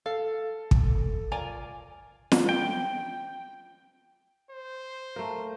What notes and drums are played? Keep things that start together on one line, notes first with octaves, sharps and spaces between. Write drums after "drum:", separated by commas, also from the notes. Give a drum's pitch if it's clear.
A4 F5
drum: kick
F4 A#4 D5 G#5
drum: snare
G5
C5
A3 A#3